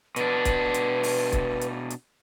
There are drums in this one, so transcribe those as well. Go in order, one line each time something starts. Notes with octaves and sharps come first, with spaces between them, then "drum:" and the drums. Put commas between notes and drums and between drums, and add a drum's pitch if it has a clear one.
B2 D4 B4, drum: hi-hat
drum: kick C#1, hi-hat
drum: hi-hat
drum: open hi-hat
drum: kick C#1, hi-hat
drum: hi-hat
drum: hi-hat